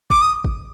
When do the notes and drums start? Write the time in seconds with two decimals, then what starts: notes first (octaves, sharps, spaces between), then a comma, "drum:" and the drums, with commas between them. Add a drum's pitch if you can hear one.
0.10 D6, drum: kick
0.21 D#6
0.44 drum: kick